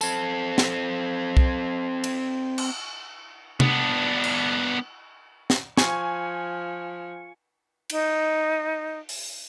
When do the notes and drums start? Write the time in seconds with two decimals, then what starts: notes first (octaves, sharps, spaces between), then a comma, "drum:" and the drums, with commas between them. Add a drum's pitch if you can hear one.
0.01 C4 A4, drum: tambourine
0.58 drum: snare
1.37 drum: kick
2.04 drum: cymbal
2.58 drum: cymbal
3.60 B3 D4, drum: tom C3
4.24 drum: cymbal
5.50 drum: snare
5.77 F3 G#5 C#6, drum: snare
7.90 D#4, drum: cymbal
9.09 drum: open hi-hat